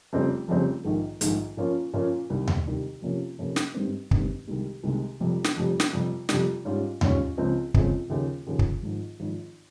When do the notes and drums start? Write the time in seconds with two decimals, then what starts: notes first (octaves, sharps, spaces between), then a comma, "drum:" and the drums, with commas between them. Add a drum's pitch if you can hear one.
0.13 F1 F2 C#3 G3 C4
0.48 F1 F2 C#3 G3 C4
0.85 A#1 G#2 D#3
1.21 A#1 G#2 D#3, drum: hi-hat
1.57 A#2 F3 A#3 C#4 F4
1.93 A#2 F3 A#3 C#4 F4
2.30 C2 C3 D#3 G3
2.48 drum: tom D#2
2.67 C2 C3 D#3 G3
3.02 F2 C3 F3 A#3 C#4
3.39 F2 C3 F3 A#3 C#4
3.56 drum: snare
3.74 G#1 G2 D#3 G3 C4
4.11 G#1 G2 D#3 G3 C4, drum: kick
4.47 C2 C3 D#3 G#3
4.83 C2 C3 D#3 G#3
5.20 F1 F2 C3 G3
5.44 drum: snare
5.57 F1 F2 C3 G3
5.80 drum: snare
5.93 F2 C3 G3
6.29 F2 C3 G3, drum: snare
6.65 G#2 G3 C#4 F4
7.01 G#2 G3 C#4 F4, drum: tom D#2
7.37 C#2 C#3 F3 C4
7.74 C#2 C#3 F3 C4, drum: kick
8.10 D#2 C#3 F3
8.47 D#2 C#3 F3
8.59 drum: kick
8.82 G#1 G#2 F3
9.20 G#1 G#2 F3